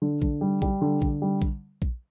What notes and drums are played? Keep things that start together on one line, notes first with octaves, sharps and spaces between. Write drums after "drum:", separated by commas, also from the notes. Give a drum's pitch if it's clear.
D3
D3, drum: kick A#1
G3
G3, drum: kick A#1
D3
D3, drum: kick A#1
G3
drum: kick A#1
drum: kick A#1